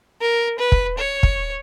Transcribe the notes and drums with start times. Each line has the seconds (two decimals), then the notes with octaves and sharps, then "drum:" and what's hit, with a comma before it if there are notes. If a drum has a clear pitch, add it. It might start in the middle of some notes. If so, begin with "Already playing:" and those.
0.21 A#4
0.59 B4
0.72 drum: kick
0.98 C#5
1.23 drum: kick